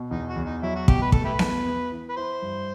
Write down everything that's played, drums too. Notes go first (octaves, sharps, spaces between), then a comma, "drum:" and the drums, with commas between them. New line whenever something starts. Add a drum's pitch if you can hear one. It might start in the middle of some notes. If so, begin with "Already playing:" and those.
Already playing: B2
E2 D#4
F#4
E2
D#4
F#3 E4
F#4
B2 G4, drum: kick
B4
A3 A4, drum: kick
E4 G4 B4
E2, drum: snare B3
B3
E3
B4
E4 C5
G2